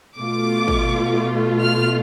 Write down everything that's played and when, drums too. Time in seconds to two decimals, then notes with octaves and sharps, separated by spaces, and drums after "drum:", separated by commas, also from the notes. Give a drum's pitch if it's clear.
0.17 B2 A3 F4 D6
0.68 drum: kick
1.60 F6